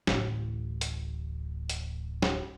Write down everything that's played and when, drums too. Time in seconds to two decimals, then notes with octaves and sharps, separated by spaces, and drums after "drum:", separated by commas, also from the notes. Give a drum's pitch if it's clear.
0.07 D1 A1, drum: snare
0.81 drum: hi-hat
1.70 drum: hi-hat
2.22 drum: snare